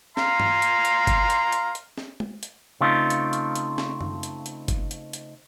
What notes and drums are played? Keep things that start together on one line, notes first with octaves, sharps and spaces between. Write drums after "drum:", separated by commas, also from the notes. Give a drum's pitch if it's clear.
F5 A#5 C6, drum: snare
drum: tom
drum: hi-hat
drum: hi-hat
drum: kick, hi-hat
drum: hi-hat
drum: hi-hat
drum: hi-hat
drum: snare
drum: tom G#3
drum: hi-hat
C#3 A3 C4 D#4 F4
drum: hi-hat
drum: hi-hat
drum: hi-hat
drum: snare
drum: tom F#2
drum: hi-hat
drum: hi-hat
drum: kick, hi-hat
drum: hi-hat
drum: hi-hat